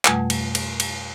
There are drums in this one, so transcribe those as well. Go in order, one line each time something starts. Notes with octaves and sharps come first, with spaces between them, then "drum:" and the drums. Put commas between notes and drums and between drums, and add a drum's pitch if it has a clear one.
F2 B2 G3 A3 F#5 G#5, drum: clap
drum: cymbal
drum: cymbal
drum: cymbal